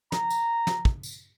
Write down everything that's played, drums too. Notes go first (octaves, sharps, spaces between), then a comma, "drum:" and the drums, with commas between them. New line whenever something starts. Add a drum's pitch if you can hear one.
A#5, drum: snare
drum: tambourine
drum: snare
drum: kick
drum: tambourine